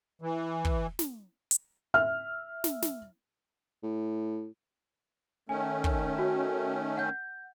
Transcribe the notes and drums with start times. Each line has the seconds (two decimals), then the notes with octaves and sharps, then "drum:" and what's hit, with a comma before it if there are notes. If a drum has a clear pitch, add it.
0.22 E3
0.65 drum: kick
0.99 drum: snare
1.51 drum: hi-hat
1.94 E5 F6
2.64 drum: snare
2.83 drum: snare
3.83 A2
5.49 D#3 A3 C#4 G#5
5.84 drum: kick
6.18 F#4
6.97 F#5 G6